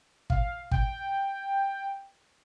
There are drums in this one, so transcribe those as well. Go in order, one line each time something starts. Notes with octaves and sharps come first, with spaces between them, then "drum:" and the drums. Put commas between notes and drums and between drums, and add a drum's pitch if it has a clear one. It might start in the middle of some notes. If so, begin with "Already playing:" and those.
F5, drum: kick
G5, drum: kick